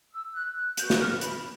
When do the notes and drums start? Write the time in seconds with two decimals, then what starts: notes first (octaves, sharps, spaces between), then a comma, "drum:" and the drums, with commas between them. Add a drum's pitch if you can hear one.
0.12 E6
0.33 F#6
0.56 F#6
0.77 F#4 B4 G6, drum: hi-hat
0.90 F#6, drum: snare
1.00 F6
1.21 B5, drum: hi-hat